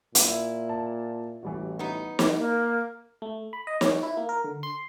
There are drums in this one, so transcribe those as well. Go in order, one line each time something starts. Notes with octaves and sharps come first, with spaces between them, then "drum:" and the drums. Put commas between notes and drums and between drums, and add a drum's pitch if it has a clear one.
A#2 E4, drum: hi-hat
A5
A1 E3 G3 F#4
B3 D#4
drum: snare
A#3
A3
B5
D#5
C#4, drum: snare
E4
A#3
A#4
D3
C6